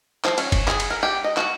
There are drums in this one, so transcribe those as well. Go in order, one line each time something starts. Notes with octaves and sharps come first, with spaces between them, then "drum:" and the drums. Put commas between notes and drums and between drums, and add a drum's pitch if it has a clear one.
F3, drum: clap
C#4, drum: cymbal
drum: kick F#1, cymbal
G#4, drum: clap
drum: cymbal
A#4
G4
D#5
F#4, drum: clap